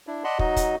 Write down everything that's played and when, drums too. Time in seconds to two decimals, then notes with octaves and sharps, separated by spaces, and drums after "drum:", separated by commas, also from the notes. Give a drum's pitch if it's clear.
0.07 D4 E4
0.24 D5 D#5 F#5 A5 B5 C6
0.39 F#3 D#4 F#4 D#5, drum: kick
0.56 drum: kick, hi-hat